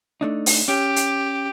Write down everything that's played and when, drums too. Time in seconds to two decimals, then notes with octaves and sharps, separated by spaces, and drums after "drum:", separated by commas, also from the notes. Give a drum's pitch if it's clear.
0.21 A3 D4 D#4
0.46 drum: open hi-hat
0.68 C#4 G4
0.96 drum: hi-hat